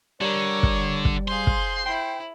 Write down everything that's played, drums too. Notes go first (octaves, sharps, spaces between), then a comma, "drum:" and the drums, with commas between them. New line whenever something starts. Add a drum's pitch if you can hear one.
D3 G3 A#4 C#5
drum: kick
drum: kick
G#4 C5 F5 C6
drum: kick
E4 G5